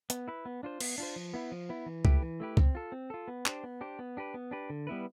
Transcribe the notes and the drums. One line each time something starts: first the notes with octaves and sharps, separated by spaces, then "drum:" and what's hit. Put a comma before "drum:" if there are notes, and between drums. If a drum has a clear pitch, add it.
B3, drum: hi-hat
E4 B4
B3
D4 F4 C5
B3, drum: cymbal
D4 F4 C5
F3
B3 E4
F3
B3 E4
E3
A3 E4 G4 B4, drum: kick
E3
A3 E4 G4 B4
C4, drum: kick
F4 A4
C4
F4 A4
B3
D4 G4 C5, drum: clap
B3
D4 G4 C5
B3
D4 G4 B4
B3
D4 G4 B4
D3
G3 B3 E4 B4